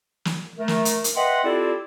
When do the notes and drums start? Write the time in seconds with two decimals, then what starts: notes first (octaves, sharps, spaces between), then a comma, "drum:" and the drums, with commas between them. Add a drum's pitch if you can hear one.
0.25 drum: snare
0.58 A3 A#4
0.68 drum: snare
0.85 drum: hi-hat
1.04 drum: hi-hat
1.16 B4 D#5 E5 F#5 G5 C6
1.44 C4 E4 F4 G4 A4 D5